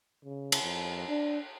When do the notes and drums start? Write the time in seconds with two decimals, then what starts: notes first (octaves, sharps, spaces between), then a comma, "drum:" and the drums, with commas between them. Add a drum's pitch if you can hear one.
0.25 C#3
0.52 drum: cymbal
0.62 F2
1.08 D4